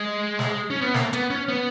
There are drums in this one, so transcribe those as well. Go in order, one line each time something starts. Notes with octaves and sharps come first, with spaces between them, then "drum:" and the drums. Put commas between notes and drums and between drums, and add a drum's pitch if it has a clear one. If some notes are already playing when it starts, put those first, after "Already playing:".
Already playing: G#3
drum: snare
C#4
B3
A#3, drum: snare
B3, drum: hi-hat
C#4
B3